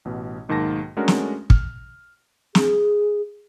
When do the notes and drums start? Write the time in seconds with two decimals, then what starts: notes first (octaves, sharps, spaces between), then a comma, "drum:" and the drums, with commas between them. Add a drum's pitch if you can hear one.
0.05 A1 B2
0.48 B1 G#2 D#3 A#3 A5 A#6
0.97 G#3 A3 C#4 D4 F#4 A#4
1.08 drum: snare
1.50 F6, drum: kick
2.55 G#4, drum: snare